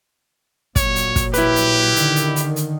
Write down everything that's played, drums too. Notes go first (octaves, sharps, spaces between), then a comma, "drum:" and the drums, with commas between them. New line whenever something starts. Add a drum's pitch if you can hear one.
A#1 A#2 F#3 C#5, drum: kick, hi-hat
drum: hi-hat
drum: kick, hi-hat
E4 G4 B4, drum: hi-hat
drum: hi-hat
D3 D#3, drum: hi-hat
drum: hi-hat
drum: hi-hat
drum: hi-hat